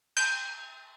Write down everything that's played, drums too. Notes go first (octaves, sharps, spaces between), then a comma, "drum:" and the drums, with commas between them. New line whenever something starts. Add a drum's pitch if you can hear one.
G6, drum: cymbal